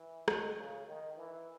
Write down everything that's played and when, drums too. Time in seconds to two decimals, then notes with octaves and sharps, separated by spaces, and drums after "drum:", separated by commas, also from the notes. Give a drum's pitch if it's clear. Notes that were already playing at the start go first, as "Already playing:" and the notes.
Already playing: E3
0.28 D#3, drum: rim click
0.57 C#3
0.87 D#3
1.16 E3